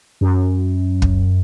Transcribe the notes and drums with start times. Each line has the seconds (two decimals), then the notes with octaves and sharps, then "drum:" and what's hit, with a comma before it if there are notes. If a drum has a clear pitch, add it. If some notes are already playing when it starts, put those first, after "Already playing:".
0.21 F#2
1.02 drum: kick